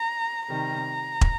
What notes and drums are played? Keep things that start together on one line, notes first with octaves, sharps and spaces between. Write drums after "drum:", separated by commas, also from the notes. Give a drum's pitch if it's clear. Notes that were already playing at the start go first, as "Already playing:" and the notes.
Already playing: A#5
C3 D#3 G3 A#5
drum: kick